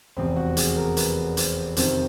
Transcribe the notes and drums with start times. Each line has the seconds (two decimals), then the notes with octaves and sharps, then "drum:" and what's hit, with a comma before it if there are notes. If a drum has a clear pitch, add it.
0.17 F1 E2 C3 C4
0.36 F#4
0.57 G#4, drum: hi-hat
0.76 A#4
0.97 B4, drum: hi-hat
1.37 C5, drum: hi-hat
1.77 F2 C3 D#3 C5, drum: hi-hat